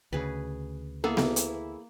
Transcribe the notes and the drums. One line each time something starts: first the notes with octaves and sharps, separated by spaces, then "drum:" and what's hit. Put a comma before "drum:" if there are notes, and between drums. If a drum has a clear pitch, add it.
D2 C#3 G#4 B4
E3 A#3 B3 E4 G#4 A4
drum: snare B3
drum: hi-hat